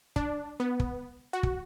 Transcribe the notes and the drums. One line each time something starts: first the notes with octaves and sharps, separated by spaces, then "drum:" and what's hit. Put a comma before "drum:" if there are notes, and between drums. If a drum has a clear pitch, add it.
D4, drum: kick
B3
drum: kick
F#4
drum: kick